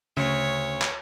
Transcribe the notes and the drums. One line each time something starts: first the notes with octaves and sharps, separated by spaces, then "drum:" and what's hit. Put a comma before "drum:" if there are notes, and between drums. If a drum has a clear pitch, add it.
D2 C#3 C#5
drum: clap